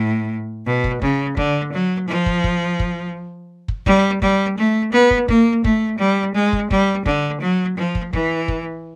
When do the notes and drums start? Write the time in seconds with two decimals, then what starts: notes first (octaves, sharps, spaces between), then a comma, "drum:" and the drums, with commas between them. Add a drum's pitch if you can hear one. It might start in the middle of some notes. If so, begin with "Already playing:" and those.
Already playing: A2
0.66 B2
0.84 drum: kick
1.02 C#3, drum: kick
1.37 D3, drum: kick
1.73 F#3
2.08 F3
2.26 drum: kick
2.44 drum: kick
2.79 drum: kick
3.68 drum: kick
3.86 G3, drum: kick
4.22 G3, drum: kick
4.58 A3
4.93 B3
5.11 drum: kick
5.28 A#3, drum: kick
5.64 A3, drum: kick
5.99 G3
6.35 G#3
6.53 drum: kick
6.71 G3, drum: kick
7.06 D3, drum: kick
7.41 F#3
7.77 F3
7.95 drum: kick
8.13 E3, drum: kick
8.48 drum: kick